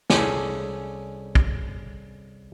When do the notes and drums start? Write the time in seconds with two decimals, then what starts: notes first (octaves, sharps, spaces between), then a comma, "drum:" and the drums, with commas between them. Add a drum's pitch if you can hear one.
0.10 C2 C#4 G#4 A4 D5, drum: snare
1.35 drum: kick